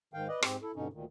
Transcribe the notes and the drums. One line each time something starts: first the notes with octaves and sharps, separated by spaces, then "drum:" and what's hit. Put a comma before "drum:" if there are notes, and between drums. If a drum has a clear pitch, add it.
G#2 D#3 F5 G5
B4 D5 D#5
G#2 C4 G4, drum: rim click
E4 A4
G2 B2 D3 C#4 D#4
D2 A#2 D#3